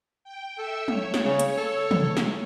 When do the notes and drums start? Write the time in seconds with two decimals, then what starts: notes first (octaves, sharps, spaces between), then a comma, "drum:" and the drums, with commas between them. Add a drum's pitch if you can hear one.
0.24 G5
0.58 A4 E5 E6
0.88 C#5, drum: tom
1.14 drum: snare
1.25 C#3
1.39 drum: hi-hat
1.58 A4
1.91 drum: tom
2.17 drum: snare